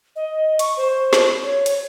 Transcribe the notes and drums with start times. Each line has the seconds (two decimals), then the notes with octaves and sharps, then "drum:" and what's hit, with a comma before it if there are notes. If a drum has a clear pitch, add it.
0.16 D#5
0.59 C#6, drum: hi-hat
0.77 C5
1.13 drum: snare
1.44 C#5
1.66 drum: hi-hat